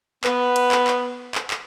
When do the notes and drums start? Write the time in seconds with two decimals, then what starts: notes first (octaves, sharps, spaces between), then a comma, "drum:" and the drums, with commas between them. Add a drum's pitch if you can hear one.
0.24 B3 B4, drum: clap
0.56 drum: cymbal
0.72 drum: clap
0.87 drum: clap
1.35 drum: clap
1.51 drum: clap